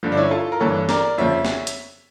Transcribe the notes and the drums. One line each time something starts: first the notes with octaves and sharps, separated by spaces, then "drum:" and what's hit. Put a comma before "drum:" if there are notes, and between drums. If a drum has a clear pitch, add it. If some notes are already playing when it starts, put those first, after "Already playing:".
G2 D3 F3
D4
C#4 E4
F4 A4
A#4
G2 E3 A4 C#5
A#4 D5, drum: snare
F2 C#3 F3 C#5 E5
drum: snare
drum: hi-hat